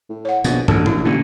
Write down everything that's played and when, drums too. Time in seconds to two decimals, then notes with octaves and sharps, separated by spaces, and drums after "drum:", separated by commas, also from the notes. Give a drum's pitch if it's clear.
0.09 A2
0.25 C#5 F#5
0.44 A#1 B2, drum: tambourine
0.68 A1 A#2 D3 A5, drum: tom
0.86 A#1 E4, drum: tom A#2
1.05 A1 A#2 D3